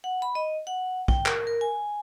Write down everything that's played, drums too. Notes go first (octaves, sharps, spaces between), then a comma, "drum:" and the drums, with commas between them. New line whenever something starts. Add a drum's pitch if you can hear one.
F#5
B5
D#5
F#5
G5, drum: kick
A#4, drum: clap
A#4
G#5